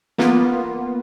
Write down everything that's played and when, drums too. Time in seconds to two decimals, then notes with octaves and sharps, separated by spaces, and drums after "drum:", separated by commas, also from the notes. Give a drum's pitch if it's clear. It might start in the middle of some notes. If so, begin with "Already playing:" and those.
0.18 A#3 B3 F4, drum: snare